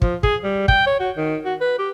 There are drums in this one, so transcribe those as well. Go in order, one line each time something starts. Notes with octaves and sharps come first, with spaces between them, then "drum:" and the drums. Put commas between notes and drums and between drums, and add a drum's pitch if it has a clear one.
F3, drum: kick
G#4, drum: kick
G3
G5, drum: kick
C#5
F#4
D#3
F#4
B4
G4